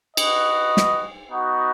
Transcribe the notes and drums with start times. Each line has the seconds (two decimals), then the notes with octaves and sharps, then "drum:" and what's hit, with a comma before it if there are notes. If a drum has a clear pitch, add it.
0.17 F#4 B4 D#5, drum: cymbal
0.77 drum: snare
1.30 B3 D#4 F#4